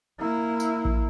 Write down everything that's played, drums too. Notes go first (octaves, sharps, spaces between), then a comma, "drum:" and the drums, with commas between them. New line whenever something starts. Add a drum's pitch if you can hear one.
A#3 E4
drum: tambourine
drum: kick A1